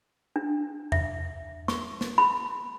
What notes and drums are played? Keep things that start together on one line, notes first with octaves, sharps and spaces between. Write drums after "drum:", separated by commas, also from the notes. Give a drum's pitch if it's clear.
D4
E5, drum: tom E2
C#6, drum: snare
drum: snare
B5